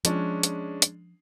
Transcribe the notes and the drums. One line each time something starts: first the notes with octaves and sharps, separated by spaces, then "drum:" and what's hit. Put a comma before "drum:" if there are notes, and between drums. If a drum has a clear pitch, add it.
F3 G#3 C#4 D4, drum: hi-hat
drum: hi-hat
drum: hi-hat